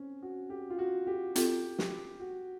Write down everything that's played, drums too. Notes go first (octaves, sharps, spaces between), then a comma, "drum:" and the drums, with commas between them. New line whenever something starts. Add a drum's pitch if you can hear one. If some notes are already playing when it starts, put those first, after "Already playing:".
Already playing: C4 C#4
F#4
G4
F4
F#4
G4
C4 F4 G4 A4, drum: hi-hat
G4, drum: snare
F#4